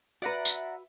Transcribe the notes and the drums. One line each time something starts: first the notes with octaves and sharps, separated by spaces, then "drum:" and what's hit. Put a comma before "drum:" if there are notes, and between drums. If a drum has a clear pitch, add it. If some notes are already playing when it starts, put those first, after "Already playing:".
F#4 B4 D5 E5 F#5 A#5
drum: tambourine